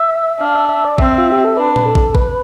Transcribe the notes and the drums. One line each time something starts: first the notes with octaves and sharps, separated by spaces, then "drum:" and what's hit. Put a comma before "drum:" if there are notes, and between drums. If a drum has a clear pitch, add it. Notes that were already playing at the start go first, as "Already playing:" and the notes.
Already playing: E5
D4 F5
E5
E5
D5
C4 E5, drum: kick
F4
G4
A4
D4 B4
drum: tom A#2
A4
drum: kick
B4, drum: kick